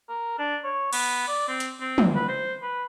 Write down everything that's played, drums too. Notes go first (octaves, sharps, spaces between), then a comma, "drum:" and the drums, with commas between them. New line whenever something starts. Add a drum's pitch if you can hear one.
A#4
D4
C#5
B3, drum: cymbal
D5
C4
drum: hi-hat
C4
drum: tom
B4
C5
B4